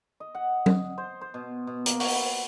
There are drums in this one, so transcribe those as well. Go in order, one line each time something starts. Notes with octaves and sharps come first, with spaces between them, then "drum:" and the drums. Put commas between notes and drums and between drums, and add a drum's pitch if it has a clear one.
D#5
F#5
drum: tom F#3
C5
C5
B2
B2
A#3, drum: hi-hat
F#4, drum: open hi-hat
B4